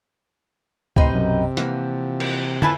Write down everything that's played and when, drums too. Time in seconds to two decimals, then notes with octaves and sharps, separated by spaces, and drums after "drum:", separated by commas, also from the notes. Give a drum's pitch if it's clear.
0.96 A2 C3 D#4 B4 G5 C6, drum: kick C#2
1.12 B1 F#2
1.57 E3 F3 A#3 F#5, drum: hi-hat
2.20 drum: cymbal
2.62 F2 A2 E4 B4 E5 G#5 A5, drum: tom